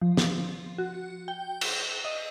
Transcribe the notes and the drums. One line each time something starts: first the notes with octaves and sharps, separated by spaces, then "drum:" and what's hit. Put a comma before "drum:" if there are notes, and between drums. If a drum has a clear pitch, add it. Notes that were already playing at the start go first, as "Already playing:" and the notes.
F3
drum: snare
F#4
G5
G7, drum: cymbal
D#5